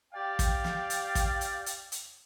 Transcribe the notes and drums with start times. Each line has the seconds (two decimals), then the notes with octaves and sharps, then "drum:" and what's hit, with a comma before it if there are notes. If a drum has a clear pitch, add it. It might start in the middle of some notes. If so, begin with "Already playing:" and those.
0.13 G4 D5 F5 G5
0.39 drum: kick, hi-hat
0.64 drum: snare
0.90 drum: hi-hat
1.15 drum: kick, hi-hat
1.41 drum: hi-hat
1.66 drum: hi-hat
1.92 drum: hi-hat